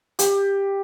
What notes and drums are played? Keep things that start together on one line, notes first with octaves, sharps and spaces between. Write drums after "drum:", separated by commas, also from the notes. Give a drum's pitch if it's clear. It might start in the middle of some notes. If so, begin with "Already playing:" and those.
G4, drum: hi-hat